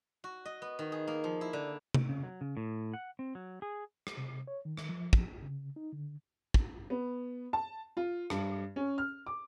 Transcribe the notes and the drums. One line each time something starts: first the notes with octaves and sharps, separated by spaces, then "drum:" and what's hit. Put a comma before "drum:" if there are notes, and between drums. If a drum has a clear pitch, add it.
F#4
D#5
B3
D#3
G#4
A#3
F3
E4
D3
drum: tom C3
C#3
F#3
C#3
A2
F#5
C4
F#3
G#4
drum: rim click
C3
C#5
D#3
drum: rim click
F3
drum: kick
C#3
D#4
D3
drum: kick
B3
A5
F4
G2, drum: rim click
C#4
F6
D6